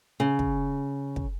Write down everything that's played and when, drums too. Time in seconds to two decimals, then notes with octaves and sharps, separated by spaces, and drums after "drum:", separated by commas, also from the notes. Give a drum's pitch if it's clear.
0.20 C#3
0.39 drum: kick
1.16 drum: kick